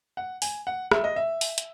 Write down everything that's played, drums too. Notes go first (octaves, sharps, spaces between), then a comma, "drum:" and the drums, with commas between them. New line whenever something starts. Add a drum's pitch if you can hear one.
F#5
G#5, drum: open hi-hat
F#5
E5, drum: rim click
D#5
E5
drum: open hi-hat
drum: hi-hat